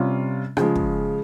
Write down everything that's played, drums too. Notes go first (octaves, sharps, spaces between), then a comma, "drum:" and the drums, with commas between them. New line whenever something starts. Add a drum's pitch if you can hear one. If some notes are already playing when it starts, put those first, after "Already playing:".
Already playing: C3 G3 C#4 F4
C#3 F3 G#3, drum: rim click
drum: kick